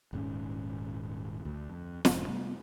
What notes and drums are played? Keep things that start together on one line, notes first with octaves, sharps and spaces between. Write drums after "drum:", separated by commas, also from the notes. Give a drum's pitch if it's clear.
D#1 G#2 C#4
D2
F2
F1 F2 G#2, drum: snare
C3 G3 A3 B3